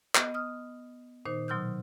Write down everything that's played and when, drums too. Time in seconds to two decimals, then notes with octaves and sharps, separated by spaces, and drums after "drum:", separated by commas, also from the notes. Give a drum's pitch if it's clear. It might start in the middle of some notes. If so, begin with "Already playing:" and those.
0.15 B3 D#5, drum: clap
0.34 D#6 F6
1.25 A#2 D#3 D#4 C5
1.48 B2 F#3 C6 E6 F6 G6